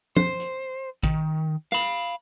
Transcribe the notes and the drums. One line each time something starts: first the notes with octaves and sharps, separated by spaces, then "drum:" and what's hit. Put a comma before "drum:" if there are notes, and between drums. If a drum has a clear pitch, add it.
C5, drum: tom F3
drum: hi-hat
D#3, drum: kick
F5 B5, drum: rim click